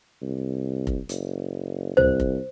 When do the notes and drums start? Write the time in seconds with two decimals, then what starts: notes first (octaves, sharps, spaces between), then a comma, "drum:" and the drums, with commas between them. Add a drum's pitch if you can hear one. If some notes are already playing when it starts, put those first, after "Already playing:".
0.22 C2
0.87 drum: kick F1
1.09 F#1, drum: hi-hat
1.97 C2 C5, drum: tom C#2
2.20 drum: kick F1